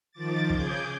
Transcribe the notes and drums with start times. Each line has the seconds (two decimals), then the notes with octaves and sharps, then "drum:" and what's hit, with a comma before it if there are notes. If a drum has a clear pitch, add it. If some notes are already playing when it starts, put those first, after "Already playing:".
0.12 D#3 F3 D6 A6
0.50 C#3 G#4 D6 G6 G#6, drum: kick